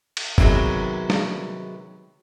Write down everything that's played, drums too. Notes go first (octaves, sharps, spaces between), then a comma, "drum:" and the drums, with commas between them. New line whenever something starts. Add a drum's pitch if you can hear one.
drum: cymbal
C3 D#3 F#3 G#3 B3, drum: kick G1
drum: snare